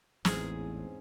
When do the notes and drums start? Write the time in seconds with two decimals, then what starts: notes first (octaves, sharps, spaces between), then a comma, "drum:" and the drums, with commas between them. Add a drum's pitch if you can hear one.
0.25 A1 E2 G#2 C4 C#4 G#4, drum: snare